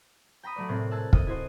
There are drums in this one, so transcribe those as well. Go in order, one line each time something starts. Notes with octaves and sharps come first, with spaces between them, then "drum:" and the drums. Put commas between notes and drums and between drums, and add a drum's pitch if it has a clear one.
G5 A#5 B5 D#6
F#3 A3 D5
A2 C3 A#3 C4
G#4 A5 E6 F#6
D#5, drum: kick
E4 F#4 C5 D#5